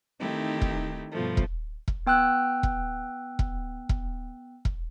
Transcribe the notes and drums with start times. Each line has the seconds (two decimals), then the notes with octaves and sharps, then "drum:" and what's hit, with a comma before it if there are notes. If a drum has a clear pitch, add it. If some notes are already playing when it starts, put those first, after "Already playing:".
0.20 D#3 A3 C4 D#4 E4 G4
0.61 drum: kick E1
1.12 G2 B2 F3 A3
1.37 drum: kick E1
1.88 drum: kick E1
2.07 B3 G5 E6 F#6
2.63 drum: kick E1
3.39 drum: kick E1
3.89 drum: kick E1
4.65 drum: kick E1